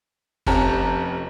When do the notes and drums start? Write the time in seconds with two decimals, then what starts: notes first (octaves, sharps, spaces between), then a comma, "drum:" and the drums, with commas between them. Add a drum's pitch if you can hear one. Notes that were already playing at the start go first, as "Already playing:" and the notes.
0.47 F1 F2 C#4 G4 A5 A#5, drum: kick F#1